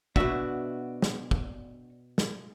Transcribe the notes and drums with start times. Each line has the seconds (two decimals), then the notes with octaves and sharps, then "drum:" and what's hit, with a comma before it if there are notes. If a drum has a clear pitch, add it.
0.16 B2 D4 F#4 E5, drum: kick
1.02 drum: snare
1.31 drum: kick
2.18 drum: snare